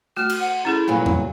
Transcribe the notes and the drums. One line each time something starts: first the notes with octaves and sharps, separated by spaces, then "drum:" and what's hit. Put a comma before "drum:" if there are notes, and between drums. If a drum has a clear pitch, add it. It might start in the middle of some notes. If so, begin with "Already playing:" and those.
A3 F#4 F6
drum: cymbal
F#5
C#4 E4 G#4 A4
G2 A#2 F#3
drum: tom E2